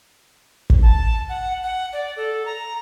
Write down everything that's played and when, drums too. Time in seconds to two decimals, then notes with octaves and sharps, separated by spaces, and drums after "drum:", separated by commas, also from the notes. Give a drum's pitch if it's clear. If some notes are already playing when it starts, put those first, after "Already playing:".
0.70 drum: kick
0.83 A5
1.29 F#5
1.63 F#5
1.93 D5
2.16 A4
2.45 A#5